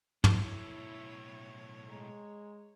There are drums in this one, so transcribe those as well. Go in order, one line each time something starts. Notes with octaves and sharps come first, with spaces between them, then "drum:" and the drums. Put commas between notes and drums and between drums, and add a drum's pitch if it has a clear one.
B1 A2 E4 C#5, drum: tom
G#3 A#5